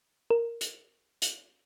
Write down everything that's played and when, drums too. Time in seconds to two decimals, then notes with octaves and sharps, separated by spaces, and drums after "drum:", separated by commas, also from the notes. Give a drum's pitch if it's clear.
0.30 A#4
0.61 drum: hi-hat
1.22 drum: hi-hat